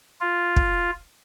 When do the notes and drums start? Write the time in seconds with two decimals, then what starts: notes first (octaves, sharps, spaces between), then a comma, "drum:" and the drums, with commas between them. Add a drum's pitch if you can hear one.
0.21 F4
0.56 drum: kick